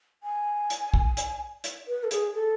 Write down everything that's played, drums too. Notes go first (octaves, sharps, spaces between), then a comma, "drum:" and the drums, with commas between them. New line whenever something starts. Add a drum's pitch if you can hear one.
G#5
drum: hi-hat
drum: kick
drum: hi-hat
drum: hi-hat
B4
A4
G#4, drum: hi-hat
A4